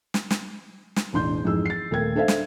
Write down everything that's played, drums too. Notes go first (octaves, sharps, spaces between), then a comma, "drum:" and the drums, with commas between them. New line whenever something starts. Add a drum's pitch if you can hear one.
drum: snare
drum: snare
drum: snare
E1 A1 D4 C6 G6
F2 G#2 E3 G#4 E6
A6 C7
D#1 A3 A#4 G5 G#6
D4 A4 C5 E5 F5
drum: snare